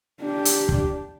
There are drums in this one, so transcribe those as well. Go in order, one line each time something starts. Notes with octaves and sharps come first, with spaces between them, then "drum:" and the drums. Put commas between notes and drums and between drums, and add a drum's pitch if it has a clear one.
D4 G4
drum: hi-hat
drum: kick